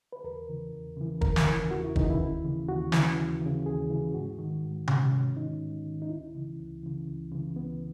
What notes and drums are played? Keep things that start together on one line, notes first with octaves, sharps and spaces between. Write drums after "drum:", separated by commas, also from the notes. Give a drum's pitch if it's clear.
B4
E2 A#4
C#3 E3
E2
C#3 E3
E2 A#4, drum: kick
drum: snare
C#3 E3
E2 F#4
E4
C#3 E3 D#4, drum: kick
E4
D#2
C#3 E3
D#2 F#4
C#3 E3, drum: snare
D#2
C#3 E3
D#2 G#4
C#3 E3
G#2 F#4
D#3
G#2
D#3 C#4, drum: tom C3
G#2
D#3 D#4
G#2
D#3
D#4
C#2 E4
C#3 E3
C#2
C#3 E3
C#2
C#3 E3
C#2 B3